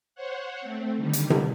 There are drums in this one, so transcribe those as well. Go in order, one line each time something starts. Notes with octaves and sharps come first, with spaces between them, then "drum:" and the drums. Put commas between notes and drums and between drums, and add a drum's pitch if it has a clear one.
C5 C#5 F#5
A3 C4
D3 D#3 G3
drum: hi-hat
drum: tom C3